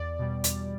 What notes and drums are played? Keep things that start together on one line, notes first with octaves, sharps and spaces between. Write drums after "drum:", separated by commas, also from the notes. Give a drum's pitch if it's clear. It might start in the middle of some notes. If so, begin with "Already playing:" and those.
Already playing: E2 D5
B2 G3
E2, drum: hi-hat